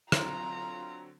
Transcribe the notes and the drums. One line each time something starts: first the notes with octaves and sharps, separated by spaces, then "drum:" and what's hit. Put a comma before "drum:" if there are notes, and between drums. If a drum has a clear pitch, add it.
D3 F#3 C4 F4 A#5, drum: rim click